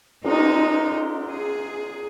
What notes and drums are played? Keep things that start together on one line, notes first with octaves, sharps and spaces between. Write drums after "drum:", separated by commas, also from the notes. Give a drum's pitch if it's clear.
D#4, drum: cymbal
G#4